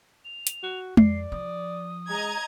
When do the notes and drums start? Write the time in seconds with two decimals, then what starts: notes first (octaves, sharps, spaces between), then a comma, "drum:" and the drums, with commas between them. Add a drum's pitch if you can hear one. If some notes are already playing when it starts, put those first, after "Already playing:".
0.25 F7
0.47 drum: hi-hat
0.63 F#4
0.97 F2 D5 C7, drum: tom G#3
1.32 F3 D#6
2.10 G#3 D#5 A#5 G#6